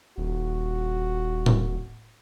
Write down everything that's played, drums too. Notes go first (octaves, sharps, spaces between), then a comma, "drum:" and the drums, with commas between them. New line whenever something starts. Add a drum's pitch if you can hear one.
D#1 F#4
drum: tom A2